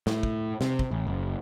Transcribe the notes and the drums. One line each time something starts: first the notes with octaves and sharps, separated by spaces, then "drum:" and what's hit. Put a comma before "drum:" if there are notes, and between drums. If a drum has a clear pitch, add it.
A2, drum: snare
drum: kick
C3, drum: snare
drum: kick
A1
F#1